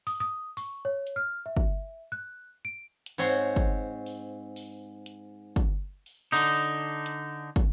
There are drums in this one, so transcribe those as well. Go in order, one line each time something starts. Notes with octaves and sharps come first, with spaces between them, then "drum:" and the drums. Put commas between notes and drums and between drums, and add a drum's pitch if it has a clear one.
D#6, drum: open hi-hat
D#6
C#6, drum: open hi-hat
C#5
drum: hi-hat
F6
E5
drum: kick
F#6
D7
drum: hi-hat
G#2 C4 C#5 F#5 C6
drum: kick, hi-hat
drum: open hi-hat
drum: open hi-hat
drum: hi-hat
drum: kick, hi-hat
drum: open hi-hat
D3 D#4
drum: open hi-hat
drum: hi-hat
drum: kick, hi-hat